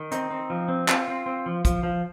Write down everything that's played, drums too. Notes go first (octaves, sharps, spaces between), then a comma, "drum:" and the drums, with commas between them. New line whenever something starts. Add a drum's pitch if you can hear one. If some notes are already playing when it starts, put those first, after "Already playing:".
Already playing: D#3
C4 D#4, drum: hi-hat
C4
F3
C4
C4 F4, drum: clap
C4
C4
F3
F3, drum: kick, hi-hat
F3